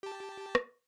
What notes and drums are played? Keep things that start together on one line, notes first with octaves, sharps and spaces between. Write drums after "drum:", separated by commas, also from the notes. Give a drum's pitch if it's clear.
G4 A5
drum: rim click